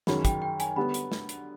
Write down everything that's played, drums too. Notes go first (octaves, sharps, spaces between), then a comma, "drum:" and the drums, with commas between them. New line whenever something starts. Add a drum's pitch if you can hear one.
F#2 D#3 G#3 C#4 F#4 B5, drum: snare
G5, drum: kick, hi-hat
G5
G#5, drum: hi-hat
D3 G3 B3 B5
drum: hi-hat
drum: snare
drum: hi-hat